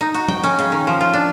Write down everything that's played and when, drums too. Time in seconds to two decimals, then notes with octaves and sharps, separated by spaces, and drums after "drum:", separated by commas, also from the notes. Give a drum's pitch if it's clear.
0.01 D#4
0.14 F#4, drum: hi-hat
0.29 G5, drum: tom
0.44 C#4, drum: hi-hat
0.59 C#3, drum: hi-hat
0.72 D#3
0.87 F3
1.01 F4
1.13 D4